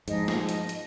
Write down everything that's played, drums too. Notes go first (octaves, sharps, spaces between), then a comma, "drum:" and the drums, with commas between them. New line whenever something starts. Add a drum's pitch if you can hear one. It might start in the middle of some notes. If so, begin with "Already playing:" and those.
G#2 F3 D#5, drum: hi-hat
drum: snare
drum: hi-hat
drum: hi-hat